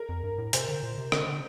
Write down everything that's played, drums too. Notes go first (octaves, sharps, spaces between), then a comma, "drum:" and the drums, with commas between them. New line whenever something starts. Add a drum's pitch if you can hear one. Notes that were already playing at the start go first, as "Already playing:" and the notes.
Already playing: A#4
F2
G2
A2
C3 C5, drum: hi-hat
D3
A#2
C3
D3, drum: rim click
D3